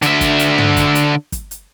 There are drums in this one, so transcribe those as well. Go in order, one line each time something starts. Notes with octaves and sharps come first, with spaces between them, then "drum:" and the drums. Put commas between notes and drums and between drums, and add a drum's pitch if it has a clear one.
D3 E5, drum: hi-hat
drum: kick, hi-hat
drum: hi-hat
drum: tom
drum: kick, hi-hat
drum: hi-hat
drum: kick, hi-hat
drum: hi-hat